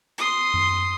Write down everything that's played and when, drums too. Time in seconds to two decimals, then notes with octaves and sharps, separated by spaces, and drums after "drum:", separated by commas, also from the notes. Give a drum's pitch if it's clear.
0.18 C6 D#6, drum: hi-hat
0.54 drum: tom F#2